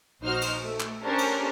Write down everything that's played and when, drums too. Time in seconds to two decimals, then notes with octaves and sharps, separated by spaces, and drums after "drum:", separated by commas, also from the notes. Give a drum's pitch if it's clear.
0.22 A#1 D#4 F#4 C5 F6
0.42 drum: cymbal
0.64 A3
0.80 drum: clap
1.03 C#4 D4 G4 A4 A#4 C5
1.19 drum: cymbal